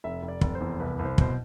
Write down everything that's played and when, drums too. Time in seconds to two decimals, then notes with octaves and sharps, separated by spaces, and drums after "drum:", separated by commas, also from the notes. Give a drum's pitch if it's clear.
0.04 F1 E5
0.23 F1
0.28 D5
0.41 F1, drum: kick
0.55 C5
0.60 E2
0.80 C2 B4
0.99 C2
1.05 C5
1.18 B2 C5, drum: kick